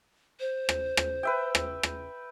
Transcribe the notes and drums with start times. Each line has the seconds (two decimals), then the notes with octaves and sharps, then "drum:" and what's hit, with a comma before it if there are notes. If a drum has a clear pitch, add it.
0.40 C5
0.69 drum: rim click
0.97 drum: rim click
1.23 B4 E5 G5
1.55 drum: rim click
1.83 drum: rim click